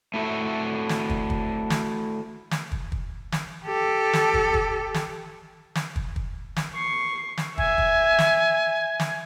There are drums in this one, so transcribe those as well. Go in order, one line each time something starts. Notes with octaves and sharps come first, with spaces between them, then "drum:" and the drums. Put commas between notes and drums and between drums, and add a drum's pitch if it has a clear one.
A3 E4 F#4 A4 E5
drum: snare
drum: kick
drum: kick
drum: snare
drum: snare
drum: kick
drum: kick
drum: snare
G4 A4
drum: snare
drum: kick
drum: kick
drum: snare
drum: snare
drum: kick
drum: kick
drum: snare
C#6 C7
drum: snare
E5 G#5, drum: kick
drum: kick
drum: snare
drum: snare